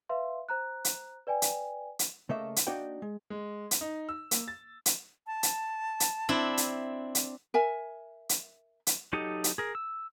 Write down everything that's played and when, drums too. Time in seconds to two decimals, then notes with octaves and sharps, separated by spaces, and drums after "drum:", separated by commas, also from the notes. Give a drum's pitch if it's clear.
0.09 B4 E5 F5 C6
0.49 C5 A#5 F#6
0.85 drum: hi-hat
1.27 B4 D5 G5 G#5
1.42 drum: hi-hat
1.99 drum: hi-hat
2.29 C#3 A3 A#3 A4 D#5 E5
2.56 drum: hi-hat
2.67 A#3 D4 D#4 F#4 D5 G5
3.02 G#3
3.30 G#3
3.71 drum: hi-hat
3.81 D#4
4.09 E6
4.31 A#3, drum: hi-hat
4.48 A6
4.86 drum: hi-hat
5.27 A5
5.43 drum: hi-hat
6.00 drum: hi-hat
6.29 C4 D4 E4
6.57 drum: hi-hat
7.15 drum: hi-hat
7.54 A#4 E5 G#5
8.29 drum: hi-hat
8.87 drum: hi-hat
9.13 F#3 D#4 G4 A4 D#5
9.44 drum: hi-hat
9.58 G#4 A#4
9.75 E6